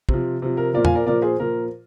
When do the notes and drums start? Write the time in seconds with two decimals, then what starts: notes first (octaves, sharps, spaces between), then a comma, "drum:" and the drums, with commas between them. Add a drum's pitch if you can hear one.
0.09 C3 F3, drum: kick
0.42 C3 F3
0.57 A#4
0.74 A#2 F3 A#4 D5
0.85 F5 G#5, drum: tom E2
0.95 A#4 D5
1.06 A#2 F3 A#4 D5
1.22 G#4 C5
1.40 A#2 F3 A#4